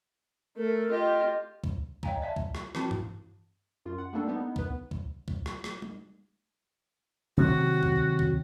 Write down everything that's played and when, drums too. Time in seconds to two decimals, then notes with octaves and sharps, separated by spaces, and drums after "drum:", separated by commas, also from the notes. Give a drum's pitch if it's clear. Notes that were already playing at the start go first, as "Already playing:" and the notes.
0.57 A3 A4 A#4
0.91 F4 G4 D#5
1.64 drum: kick C2
2.03 C#5 D#5 F5 G5 G#5 A#5, drum: kick C2
2.22 D5 E5 A5
2.36 drum: kick C2
2.55 drum: rim click
2.75 E3 F3 C4 E4 F#4 A5, drum: rim click
2.91 drum: tom G2
3.85 F#2 F4
3.98 F#5
4.13 G3 A3 A#3 D4 A4
4.28 B3 D#4
4.56 B3 B4, drum: kick C2
4.91 drum: kick C2
5.28 drum: kick C2
5.46 drum: rim click
5.64 drum: rim click
5.82 drum: tom G3
7.37 C3 D#3 F#3 F#4
7.83 drum: kick C2
8.19 drum: kick C2